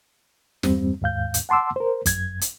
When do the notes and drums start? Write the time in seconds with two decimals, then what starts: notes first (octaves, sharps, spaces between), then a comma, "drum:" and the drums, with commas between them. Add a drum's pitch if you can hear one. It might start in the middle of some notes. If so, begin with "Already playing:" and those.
0.63 E2 G2 G3 C4, drum: snare
1.02 D#2 G#2 F5 G6
1.34 drum: hi-hat
1.49 F#5 A5 C6 D6 E6
1.76 A#4 C5
2.06 F#2 G#6, drum: kick, hi-hat
2.41 drum: hi-hat